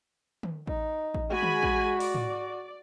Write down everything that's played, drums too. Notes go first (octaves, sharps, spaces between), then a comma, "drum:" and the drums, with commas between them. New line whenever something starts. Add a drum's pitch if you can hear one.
drum: tom
D#4, drum: kick A1
drum: kick A1
G#3 F#4 G#5 B5
drum: tom
drum: kick A1
D5, drum: open hi-hat
drum: tom